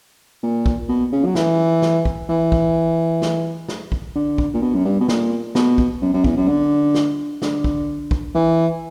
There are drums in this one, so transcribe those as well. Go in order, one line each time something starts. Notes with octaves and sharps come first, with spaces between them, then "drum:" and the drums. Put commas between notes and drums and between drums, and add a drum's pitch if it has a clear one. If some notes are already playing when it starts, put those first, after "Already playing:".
A#2
drum: kick
B2
C#3
F#3
E3, drum: snare
drum: snare
drum: kick
E3
drum: kick
drum: snare
drum: snare
drum: kick
D3
drum: kick
A#2
B2
F#2
G2
B2
A#2, drum: snare
B2, drum: snare
drum: kick
F#2
F#2
E2, drum: kick
F#2
D3
drum: snare
D3, drum: snare
drum: kick
drum: kick
E3